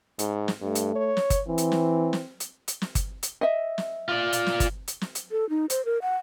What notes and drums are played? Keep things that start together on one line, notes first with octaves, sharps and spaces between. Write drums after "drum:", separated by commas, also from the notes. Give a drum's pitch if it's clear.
G#2, drum: hi-hat
drum: snare
G2 A3
drum: hi-hat
C#5
drum: snare
drum: kick G1, hi-hat
E3 C4
drum: hi-hat
drum: snare
drum: snare
drum: hi-hat
drum: hi-hat
drum: snare
drum: kick G1, hi-hat
drum: hi-hat
D#5 E5
drum: snare
F4 D5
drum: hi-hat
drum: snare
drum: kick G1, hi-hat
drum: hi-hat
drum: snare
drum: hi-hat
A4
D#4
C5, drum: hi-hat
A#4
F#5